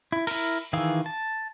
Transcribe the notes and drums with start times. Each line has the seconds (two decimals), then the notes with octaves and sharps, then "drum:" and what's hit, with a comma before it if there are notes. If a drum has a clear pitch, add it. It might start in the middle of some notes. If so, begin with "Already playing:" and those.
0.12 E4
0.27 E4 A#4, drum: cymbal
0.73 D#3 E3 G#4 F5 E6
1.06 A5